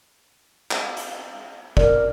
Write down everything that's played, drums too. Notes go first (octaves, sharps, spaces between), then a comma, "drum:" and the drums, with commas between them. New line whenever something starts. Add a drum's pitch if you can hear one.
drum: clap
drum: hi-hat
A#4 D5, drum: kick